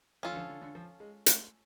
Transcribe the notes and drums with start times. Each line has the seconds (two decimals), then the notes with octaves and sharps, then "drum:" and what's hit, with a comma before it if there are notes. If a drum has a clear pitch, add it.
0.23 F3 C#4 F4 A4
0.32 D3
0.36 F3
0.50 D3
0.62 D3
0.75 F3
1.00 G#3
1.26 A3, drum: hi-hat